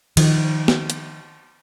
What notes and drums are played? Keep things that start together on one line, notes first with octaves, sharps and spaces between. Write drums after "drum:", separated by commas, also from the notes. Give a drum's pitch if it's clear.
D#3 F3, drum: cymbal
drum: snare
drum: hi-hat